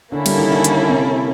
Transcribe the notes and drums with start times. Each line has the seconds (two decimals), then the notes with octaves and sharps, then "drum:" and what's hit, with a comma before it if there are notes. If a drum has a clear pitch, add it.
0.12 D3 A#3 C#4 E4 A4
0.26 G3, drum: cymbal
0.38 D#3
0.52 D3
0.64 drum: hi-hat
0.90 C3